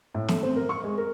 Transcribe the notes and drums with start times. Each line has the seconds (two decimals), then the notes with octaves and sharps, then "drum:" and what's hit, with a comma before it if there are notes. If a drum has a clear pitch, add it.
0.14 A2
0.28 A3, drum: snare
0.43 C4
0.56 A#4
0.69 C#6
0.84 G#3
0.98 A#4